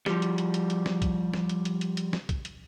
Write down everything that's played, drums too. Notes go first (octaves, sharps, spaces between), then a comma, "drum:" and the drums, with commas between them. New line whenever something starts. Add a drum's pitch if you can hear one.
F3 G3, drum: snare
drum: hi-hat
drum: hi-hat
drum: hi-hat
drum: hi-hat
drum: snare
drum: kick B1, hi-hat
drum: snare
drum: hi-hat
drum: hi-hat
drum: hi-hat
drum: hi-hat
drum: snare
drum: kick B1, hi-hat
drum: hi-hat